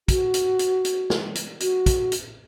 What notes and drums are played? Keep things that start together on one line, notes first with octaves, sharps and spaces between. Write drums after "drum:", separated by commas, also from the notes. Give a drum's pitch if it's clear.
F#4, drum: kick, hi-hat
drum: hi-hat
drum: hi-hat
drum: hi-hat
drum: snare
drum: hi-hat
F#4, drum: hi-hat
drum: kick, hi-hat
drum: hi-hat